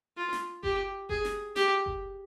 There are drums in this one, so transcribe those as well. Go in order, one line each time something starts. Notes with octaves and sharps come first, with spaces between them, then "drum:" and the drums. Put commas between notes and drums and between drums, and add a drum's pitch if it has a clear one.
F4
drum: snare
G4, drum: kick F#1
G#4, drum: kick F#1
drum: snare
G4, drum: snare
drum: kick F#1